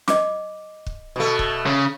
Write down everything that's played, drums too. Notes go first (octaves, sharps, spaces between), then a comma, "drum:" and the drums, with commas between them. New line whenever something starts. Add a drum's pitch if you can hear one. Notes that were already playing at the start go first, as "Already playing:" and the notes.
D#5 D6, drum: snare
drum: kick
B2 A3
drum: kick
C#3